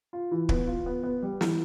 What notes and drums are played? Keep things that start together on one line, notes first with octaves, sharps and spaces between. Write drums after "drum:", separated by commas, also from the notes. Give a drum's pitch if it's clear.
F4
E3
B3, drum: kick
F4
B3
B3
G3
E3, drum: snare